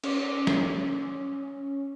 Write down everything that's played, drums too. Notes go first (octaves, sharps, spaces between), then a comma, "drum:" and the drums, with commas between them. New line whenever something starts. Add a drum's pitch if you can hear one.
C#4, drum: cymbal
drum: snare